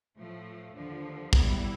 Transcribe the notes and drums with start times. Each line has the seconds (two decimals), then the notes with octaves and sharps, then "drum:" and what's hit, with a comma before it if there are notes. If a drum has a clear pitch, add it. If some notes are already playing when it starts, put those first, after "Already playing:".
0.17 A2 F3 A3
0.75 D#2 D3 F3
1.33 B2 G3 B3 E4, drum: kick